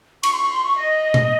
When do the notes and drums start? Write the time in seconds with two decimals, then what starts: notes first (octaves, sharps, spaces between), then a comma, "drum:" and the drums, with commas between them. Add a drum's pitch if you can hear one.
0.23 C#6, drum: cymbal
0.32 C6
0.37 C#6
0.50 C6
0.64 C#6
0.76 D#5
1.14 drum: tom B2